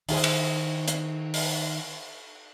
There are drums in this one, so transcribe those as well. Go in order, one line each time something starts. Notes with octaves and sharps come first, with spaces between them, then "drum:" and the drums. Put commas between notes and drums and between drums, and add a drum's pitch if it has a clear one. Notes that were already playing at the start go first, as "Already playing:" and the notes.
D#3 E4 G#4 C5, drum: open hi-hat
drum: cymbal
drum: hi-hat
drum: open hi-hat